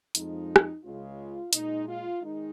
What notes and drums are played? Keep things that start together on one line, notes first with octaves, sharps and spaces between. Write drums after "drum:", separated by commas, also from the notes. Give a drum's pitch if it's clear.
F2 F3 G#3 D#4, drum: hi-hat
drum: rim click
C#2 C#3 G#3 F4
A#2 G#3 D#4, drum: hi-hat
F4
D#3 G#3 D#4